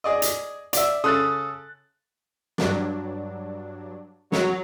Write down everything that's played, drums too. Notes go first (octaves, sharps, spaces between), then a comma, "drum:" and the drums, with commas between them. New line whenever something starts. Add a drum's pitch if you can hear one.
G#4 D5 D#5
drum: hi-hat
D5 E5, drum: hi-hat
C#3 A4 C6 D#6 F#6 A6
G2 F#3 D4, drum: snare
F#3, drum: snare